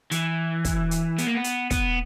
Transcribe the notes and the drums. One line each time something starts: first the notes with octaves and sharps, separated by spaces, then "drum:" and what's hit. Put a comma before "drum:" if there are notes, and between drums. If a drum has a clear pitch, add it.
E3, drum: hi-hat
drum: kick, hi-hat
drum: hi-hat
B3, drum: hi-hat
A#3
B3
drum: hi-hat
B3, drum: kick, hi-hat